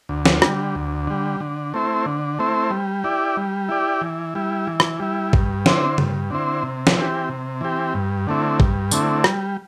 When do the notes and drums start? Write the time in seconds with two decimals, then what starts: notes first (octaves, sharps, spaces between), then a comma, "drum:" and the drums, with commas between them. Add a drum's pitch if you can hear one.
0.09 D2
0.26 drum: snare
0.42 D3 G3, drum: rim click
0.75 D2
1.07 D3 G3
1.40 D3
1.74 A3 C4 E4 C5
2.06 D3
2.39 A3 C4 E4 C5
2.71 G3
3.04 E4 G4 D5
3.37 G3
3.69 E4 G4 D5
4.01 E3
4.35 G3 E4
4.67 E3
4.80 drum: rim click
5.00 G3 E4
5.33 G2, drum: kick
5.66 D3 C4 E4 C5, drum: snare
5.98 G2, drum: tom C#3
6.30 D3 C4 E4 C5
6.63 C3
6.87 drum: snare
6.97 E3 C4 G4
7.29 C3
7.61 E3 C4 G4
7.94 G2
8.27 D3 A3 C4 E4
8.60 G2, drum: kick
8.91 D3 A3 C4 E4, drum: tambourine
9.24 G3, drum: rim click